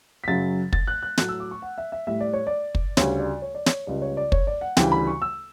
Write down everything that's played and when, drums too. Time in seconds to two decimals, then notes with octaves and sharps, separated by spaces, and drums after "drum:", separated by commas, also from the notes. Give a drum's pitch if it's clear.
0.24 B6
0.28 F#2 C#3 F#3 A6
0.73 A6, drum: kick
0.87 F#6
1.02 F#6
1.17 A2 F#3 A3 F#6, drum: snare
1.29 E6
1.40 D6
1.51 C#6
1.62 F#5
1.78 E5
1.92 E5
2.07 A2 G3 E5
2.20 D5
2.33 C#5
2.47 D5
2.75 drum: kick
2.97 D2 C#3 G3 C#5, drum: snare
3.19 D5
3.42 C#5
3.55 D5
3.66 C#5, drum: snare
3.87 C#2 C#3 G3 D5
4.02 C#5
4.17 D5
4.32 C#5, drum: kick
4.47 D5
4.61 F#5
4.77 D2 C#3 E3 G3 G5, drum: snare
4.92 B5
5.07 C#6
5.22 E6